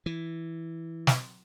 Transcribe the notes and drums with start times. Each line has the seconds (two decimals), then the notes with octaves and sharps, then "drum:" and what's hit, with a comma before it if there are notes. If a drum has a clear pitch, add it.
0.06 E3
1.07 drum: snare